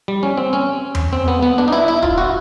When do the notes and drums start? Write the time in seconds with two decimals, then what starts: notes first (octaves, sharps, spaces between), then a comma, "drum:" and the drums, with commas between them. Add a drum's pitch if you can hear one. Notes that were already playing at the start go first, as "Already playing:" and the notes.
0.08 G3
0.23 C#4
0.37 C4
0.53 C#4
0.95 drum: tom E2
1.13 C4
1.28 B3
1.42 B3
1.58 D4
1.68 D#4
1.73 E4
1.88 E4
2.03 F4, drum: kick D1
2.18 F#4